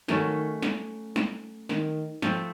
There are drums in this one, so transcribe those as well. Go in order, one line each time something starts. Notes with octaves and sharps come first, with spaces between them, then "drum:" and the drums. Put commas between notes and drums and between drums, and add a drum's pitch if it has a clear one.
D#3 F#3 A3 C#4, drum: snare
drum: snare
drum: snare
D#3, drum: snare
F3 A3 C4, drum: snare